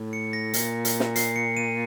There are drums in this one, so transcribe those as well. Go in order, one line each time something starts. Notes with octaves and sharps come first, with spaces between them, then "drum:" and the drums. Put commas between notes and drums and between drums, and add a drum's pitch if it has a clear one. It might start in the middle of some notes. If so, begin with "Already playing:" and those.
Already playing: A2
C#7
A#6
A#2, drum: hi-hat
drum: hi-hat
drum: snare
C7, drum: hi-hat
C#7
D#7